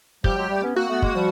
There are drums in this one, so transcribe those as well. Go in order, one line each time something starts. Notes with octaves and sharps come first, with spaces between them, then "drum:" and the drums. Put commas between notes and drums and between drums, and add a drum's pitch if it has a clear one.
F3 G3 G4, drum: kick
F#3 G#3
G3 A3
B3 C#4
A#3 C4 F#4
A3 B3
G#3 A#3, drum: kick
F3 G3